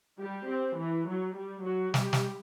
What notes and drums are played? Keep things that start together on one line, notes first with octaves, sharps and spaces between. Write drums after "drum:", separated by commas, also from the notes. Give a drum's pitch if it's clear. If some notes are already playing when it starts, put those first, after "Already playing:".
G3 G4
C4
E3
F#3
G3
F#3 F#4
G3 G4, drum: snare
drum: snare